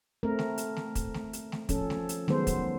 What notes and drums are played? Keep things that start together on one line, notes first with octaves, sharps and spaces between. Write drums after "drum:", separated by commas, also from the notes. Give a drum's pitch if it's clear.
A3 C4 A#4
drum: snare A3
drum: hi-hat
drum: snare A3
drum: kick, hi-hat
drum: snare A3
drum: hi-hat
drum: snare A3
F3 C#4 A4, drum: kick, hi-hat
drum: snare A3
drum: hi-hat
D#3 F#3 G#3 B3 C5, drum: snare A3
drum: kick, hi-hat